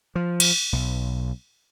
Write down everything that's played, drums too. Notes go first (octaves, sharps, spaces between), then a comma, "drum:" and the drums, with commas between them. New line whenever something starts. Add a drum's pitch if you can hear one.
F3
drum: cymbal
B1